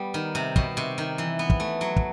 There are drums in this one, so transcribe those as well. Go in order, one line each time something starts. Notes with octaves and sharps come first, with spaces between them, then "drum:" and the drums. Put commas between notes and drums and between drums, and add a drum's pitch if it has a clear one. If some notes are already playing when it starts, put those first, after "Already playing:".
Already playing: G3 B3
D#3
C3
B2, drum: kick
C3
D#3
E3
B3
drum: kick
A3
F#3
drum: kick